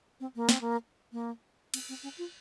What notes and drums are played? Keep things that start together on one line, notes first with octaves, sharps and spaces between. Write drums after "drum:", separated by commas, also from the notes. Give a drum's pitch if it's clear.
C4
A#3
C4, drum: snare
A#3
A#3
C4, drum: cymbal
C4
C#4
F4